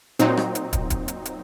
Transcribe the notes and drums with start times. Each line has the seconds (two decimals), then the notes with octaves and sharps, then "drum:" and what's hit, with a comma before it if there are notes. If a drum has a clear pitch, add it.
0.19 A#2 F#3 C4 D#4, drum: hi-hat
0.37 drum: rim click
0.55 drum: hi-hat
0.73 drum: kick, hi-hat
0.90 drum: kick, hi-hat
1.08 drum: hi-hat
1.25 drum: hi-hat